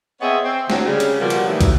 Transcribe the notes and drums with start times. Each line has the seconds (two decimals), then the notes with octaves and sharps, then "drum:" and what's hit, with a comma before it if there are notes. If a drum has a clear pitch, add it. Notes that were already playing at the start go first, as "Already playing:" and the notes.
0.21 B3 C4 G#4 C#5 D#5 E5
0.45 C4
0.70 D3 F#3 C4, drum: snare
0.85 C#3 G3
1.00 drum: hi-hat
1.20 B2 F3 G3 A#3 F#4
1.30 drum: hi-hat
1.47 A2 D#3 E3 F#3 G3 A3
1.61 drum: kick, hi-hat